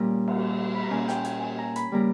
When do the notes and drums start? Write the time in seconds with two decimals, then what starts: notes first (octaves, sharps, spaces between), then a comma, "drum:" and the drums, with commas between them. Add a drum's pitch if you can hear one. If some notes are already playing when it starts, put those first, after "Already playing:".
Already playing: A#2 G3 A#3 C#4 A#5
0.28 drum: cymbal
0.75 B5
0.83 A#5
0.90 A#2 A#3 C#4 G#5
1.08 G5, drum: snare
1.25 G#5, drum: hi-hat
1.42 G#5
1.58 A#5
1.76 B5, drum: hi-hat
1.92 C#3 G3 A#3 A#5